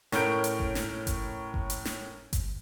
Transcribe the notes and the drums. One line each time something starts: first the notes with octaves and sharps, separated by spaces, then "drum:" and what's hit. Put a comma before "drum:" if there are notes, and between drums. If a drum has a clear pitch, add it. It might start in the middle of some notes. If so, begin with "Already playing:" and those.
A2 C#4 A#4 G6 D7, drum: snare
drum: hi-hat
drum: kick G1
drum: snare
drum: kick G1, hi-hat
drum: kick G1
drum: hi-hat
drum: snare
drum: kick G1, hi-hat